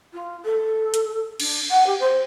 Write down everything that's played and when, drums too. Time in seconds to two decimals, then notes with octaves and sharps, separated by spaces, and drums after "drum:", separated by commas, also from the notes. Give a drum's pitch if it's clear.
0.13 F4
0.45 A4
0.94 drum: hi-hat
1.40 D4, drum: cymbal
1.70 F#5
1.86 G4
1.99 C5